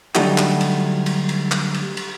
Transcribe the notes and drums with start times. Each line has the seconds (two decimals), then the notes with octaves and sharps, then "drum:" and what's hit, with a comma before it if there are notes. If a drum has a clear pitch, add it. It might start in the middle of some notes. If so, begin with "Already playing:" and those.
0.15 D3 F#3 G3 A3 D#4 F#4, drum: clap
0.38 drum: clap
0.61 drum: cymbal
1.06 drum: cymbal
1.29 drum: cymbal
1.52 drum: clap
1.74 drum: cymbal
1.97 drum: cymbal